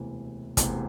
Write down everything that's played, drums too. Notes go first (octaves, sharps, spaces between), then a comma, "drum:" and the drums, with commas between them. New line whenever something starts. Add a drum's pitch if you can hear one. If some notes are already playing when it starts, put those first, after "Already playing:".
Already playing: E1 D2 C3 E3
E1 D2 C3 E3, drum: kick, hi-hat